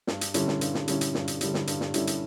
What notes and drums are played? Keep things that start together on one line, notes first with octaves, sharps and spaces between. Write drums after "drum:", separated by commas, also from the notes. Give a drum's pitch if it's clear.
G2, drum: snare
drum: hi-hat
D3 G3 C#4 E4, drum: hi-hat
drum: snare
G2, drum: hi-hat
drum: snare
D3 G3 C#4 E4, drum: hi-hat
drum: hi-hat
G2, drum: snare
drum: hi-hat
D3 G3 C#4 E4, drum: hi-hat
drum: snare
G2, drum: hi-hat
drum: snare
D3 G3 C#4 E4, drum: hi-hat
drum: hi-hat